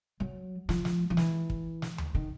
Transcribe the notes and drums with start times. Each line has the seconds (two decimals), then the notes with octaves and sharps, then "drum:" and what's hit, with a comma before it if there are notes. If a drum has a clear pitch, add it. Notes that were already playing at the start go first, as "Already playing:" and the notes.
0.20 F#3
0.69 F3, drum: snare
0.85 drum: snare
1.10 F3
1.17 E3, drum: snare
1.50 drum: kick
1.82 drum: snare
1.98 drum: tom D2
2.15 D#3